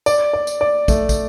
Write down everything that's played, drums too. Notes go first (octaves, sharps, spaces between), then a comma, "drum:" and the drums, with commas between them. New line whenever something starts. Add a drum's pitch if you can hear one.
D5, drum: tambourine
D5
drum: tambourine
D5
A3, drum: kick, tambourine
drum: kick, tambourine